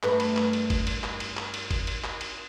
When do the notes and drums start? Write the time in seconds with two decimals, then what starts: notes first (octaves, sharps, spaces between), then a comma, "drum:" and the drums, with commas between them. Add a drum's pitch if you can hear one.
0.03 G2 A3 B4, drum: clap
0.20 drum: cymbal
0.37 drum: clap
0.53 drum: cymbal
0.70 drum: kick F#1, cymbal
0.87 drum: cymbal
1.04 drum: clap
1.20 drum: cymbal
1.37 drum: clap
1.54 drum: cymbal
1.71 drum: kick F#1, cymbal
1.87 drum: cymbal
2.04 drum: clap
2.21 drum: cymbal